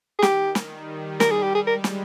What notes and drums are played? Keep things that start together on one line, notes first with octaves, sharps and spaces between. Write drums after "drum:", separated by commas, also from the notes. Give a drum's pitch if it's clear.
G#4
D#3 G4, drum: snare
drum: snare
G3
A#4, drum: snare
G#4
G4
G#4
G#3 A#4
drum: snare